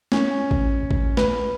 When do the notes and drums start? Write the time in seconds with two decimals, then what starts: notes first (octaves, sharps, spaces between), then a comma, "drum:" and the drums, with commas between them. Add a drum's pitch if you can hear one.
0.12 C#4, drum: snare
0.51 drum: kick A1
0.91 drum: kick A1
1.17 B4, drum: snare